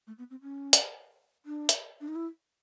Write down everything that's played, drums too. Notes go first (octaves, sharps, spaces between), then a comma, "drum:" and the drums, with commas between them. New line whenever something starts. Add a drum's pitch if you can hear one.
A3
B3
C4
C#4
drum: hi-hat
D4
drum: hi-hat
D4
D#4
E4